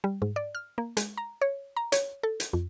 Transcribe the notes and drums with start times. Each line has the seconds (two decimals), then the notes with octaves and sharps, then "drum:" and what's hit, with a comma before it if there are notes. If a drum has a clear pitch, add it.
0.04 G3
0.22 G#2
0.36 D5
0.55 F6
0.78 A#3
0.97 G#3, drum: hi-hat
1.17 A#5
1.41 C#5
1.77 A#5
1.92 C#5, drum: hi-hat
2.23 A4
2.40 drum: hi-hat
2.53 F2